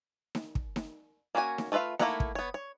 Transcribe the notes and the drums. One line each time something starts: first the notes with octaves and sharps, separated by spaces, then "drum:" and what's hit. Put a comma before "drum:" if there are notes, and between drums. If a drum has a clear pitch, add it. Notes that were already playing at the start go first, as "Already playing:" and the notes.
drum: snare D#4
drum: kick
drum: snare D#4
A#3 C#4 D4 F#4 G#5
drum: snare D#4
A3 F4 B4 E5 F5
A3 A#3 E4 F#5 A#5, drum: snare D#4
drum: kick
B3 C#5
C#5